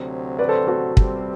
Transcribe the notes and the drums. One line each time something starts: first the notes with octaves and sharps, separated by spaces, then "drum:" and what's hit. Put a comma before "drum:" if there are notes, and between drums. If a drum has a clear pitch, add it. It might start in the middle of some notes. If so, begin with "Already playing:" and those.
Already playing: D2 C3 F#3 C4
B4 D5
A4 C5
F#4 A4
C3 G3 C4, drum: kick